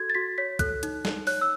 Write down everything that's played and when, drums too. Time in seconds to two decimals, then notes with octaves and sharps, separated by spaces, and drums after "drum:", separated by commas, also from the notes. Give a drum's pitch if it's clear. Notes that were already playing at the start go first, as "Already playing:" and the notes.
Already playing: F#4 A4 G#6
0.10 A6
0.15 F#4 B6
0.38 C#5 B6
0.59 A4 F#6, drum: kick, hi-hat
0.83 D#4, drum: hi-hat
1.05 D#4, drum: snare
1.27 C#5 F#6, drum: open hi-hat
1.41 E6